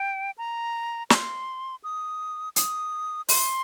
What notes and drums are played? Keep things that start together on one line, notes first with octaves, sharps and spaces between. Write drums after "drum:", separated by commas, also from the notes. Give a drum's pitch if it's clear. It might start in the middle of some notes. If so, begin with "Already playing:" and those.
Already playing: G5
A#5
C6, drum: snare
D#6
D#6, drum: hi-hat
C6, drum: open hi-hat